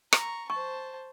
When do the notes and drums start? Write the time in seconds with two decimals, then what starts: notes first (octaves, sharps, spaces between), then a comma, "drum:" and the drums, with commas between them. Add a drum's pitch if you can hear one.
0.13 A#5 C#6, drum: rim click
0.50 C5 A5 C#6